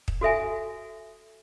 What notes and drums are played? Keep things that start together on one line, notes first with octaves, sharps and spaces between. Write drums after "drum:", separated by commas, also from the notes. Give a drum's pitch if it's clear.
drum: kick
F#4 A4 E5 G#5